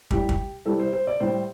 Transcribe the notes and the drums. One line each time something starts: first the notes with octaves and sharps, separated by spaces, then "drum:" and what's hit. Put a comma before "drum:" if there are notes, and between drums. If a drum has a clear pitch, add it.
A2 G3 G4, drum: kick
drum: kick
C3 E3 G3 A4
C5
C5
D5
A2 E3 G3 C5